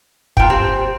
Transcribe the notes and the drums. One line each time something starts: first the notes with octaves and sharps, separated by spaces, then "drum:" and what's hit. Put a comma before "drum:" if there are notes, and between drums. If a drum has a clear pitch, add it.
A#2 G5, drum: kick
C4 G4